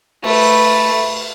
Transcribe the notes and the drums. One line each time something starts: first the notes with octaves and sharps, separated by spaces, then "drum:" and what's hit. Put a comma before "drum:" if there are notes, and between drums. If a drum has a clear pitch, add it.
A3 B4, drum: cymbal